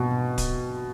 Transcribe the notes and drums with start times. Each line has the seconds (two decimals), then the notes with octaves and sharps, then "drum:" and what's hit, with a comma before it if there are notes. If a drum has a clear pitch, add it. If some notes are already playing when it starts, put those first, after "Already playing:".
Already playing: B2
0.38 drum: kick D1, hi-hat